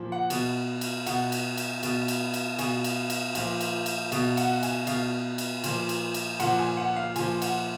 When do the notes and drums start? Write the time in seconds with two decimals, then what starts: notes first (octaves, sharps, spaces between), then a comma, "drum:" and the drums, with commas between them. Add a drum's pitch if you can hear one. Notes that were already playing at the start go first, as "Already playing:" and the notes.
Already playing: A#2 F3
0.12 F#5
0.30 B2, drum: cymbal
0.81 drum: cymbal
1.06 B2 F#5, drum: cymbal
1.32 drum: cymbal
1.57 drum: cymbal
1.83 B2, drum: cymbal
2.08 drum: cymbal
2.34 drum: cymbal
2.59 B2 G#5, drum: cymbal
2.84 drum: cymbal
3.10 drum: cymbal
3.35 A#2 F3, drum: cymbal
3.60 drum: cymbal
3.86 drum: cymbal
4.12 B2, drum: cymbal
4.37 F#5, drum: cymbal
4.63 G#5, drum: cymbal
4.87 B2 F5, drum: cymbal
5.38 drum: cymbal
5.64 A#2 F3, drum: cymbal
5.89 drum: cymbal
6.14 drum: cymbal
6.40 A#2 F3 F#5, drum: cymbal
6.59 G#5
6.77 F#5
6.96 F5
7.16 A#2 F3 G#5, drum: cymbal
7.42 F#5, drum: cymbal